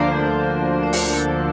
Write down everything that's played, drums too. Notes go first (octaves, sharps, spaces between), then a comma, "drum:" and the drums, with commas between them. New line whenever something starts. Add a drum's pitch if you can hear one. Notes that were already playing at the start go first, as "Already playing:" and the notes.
Already playing: D2 D3 F3 A#3 D4 C5
C5
drum: open hi-hat
A4